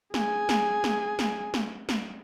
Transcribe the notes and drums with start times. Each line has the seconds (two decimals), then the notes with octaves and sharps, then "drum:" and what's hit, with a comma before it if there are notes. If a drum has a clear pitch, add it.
0.14 G#4 G#5, drum: snare
0.49 drum: snare
0.84 drum: snare
1.19 drum: snare
1.54 drum: snare
1.89 drum: snare